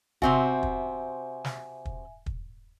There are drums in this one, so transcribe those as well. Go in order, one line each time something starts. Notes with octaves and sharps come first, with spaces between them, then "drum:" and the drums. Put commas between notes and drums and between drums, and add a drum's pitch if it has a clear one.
C3 C4 F#4 E5 G#5, drum: kick
drum: kick
drum: snare
drum: kick
drum: kick